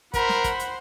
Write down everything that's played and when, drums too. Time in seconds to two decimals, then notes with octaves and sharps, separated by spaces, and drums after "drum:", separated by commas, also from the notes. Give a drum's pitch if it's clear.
0.14 A#4 C5 F#5 B5, drum: kick, hi-hat
0.29 drum: snare
0.44 drum: kick, hi-hat
0.60 drum: hi-hat